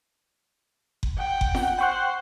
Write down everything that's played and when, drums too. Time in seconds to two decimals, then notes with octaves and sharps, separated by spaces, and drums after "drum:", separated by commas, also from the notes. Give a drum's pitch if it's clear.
1.03 drum: kick F#1
1.18 F#5 G5
1.41 drum: kick F#1
1.55 drum: snare F4
1.79 C5 G5 C#6 F#6